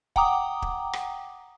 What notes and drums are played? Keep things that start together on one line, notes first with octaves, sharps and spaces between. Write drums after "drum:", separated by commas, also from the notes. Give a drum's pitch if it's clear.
F#5 G5 A#5 D6 D#6, drum: kick
drum: kick
drum: rim click